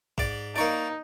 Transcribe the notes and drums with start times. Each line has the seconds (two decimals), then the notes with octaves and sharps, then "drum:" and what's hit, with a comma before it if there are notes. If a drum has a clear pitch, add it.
0.18 G#2 D5, drum: kick A#1
0.56 A#3 D#4 C#5 D5